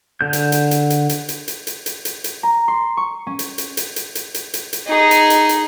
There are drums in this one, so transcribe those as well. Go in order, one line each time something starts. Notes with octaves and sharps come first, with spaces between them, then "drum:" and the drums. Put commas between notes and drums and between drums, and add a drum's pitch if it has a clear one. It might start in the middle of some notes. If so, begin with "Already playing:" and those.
D3 G6
drum: hi-hat
drum: hi-hat
drum: hi-hat
drum: hi-hat
drum: hi-hat
drum: hi-hat
drum: hi-hat
drum: hi-hat
drum: hi-hat
drum: hi-hat
drum: hi-hat
A#5
C6
C#6
C#4
drum: hi-hat
drum: hi-hat
drum: hi-hat
drum: hi-hat
drum: hi-hat
drum: hi-hat
drum: hi-hat
drum: hi-hat
D#4 G#4
drum: hi-hat
drum: hi-hat
drum: hi-hat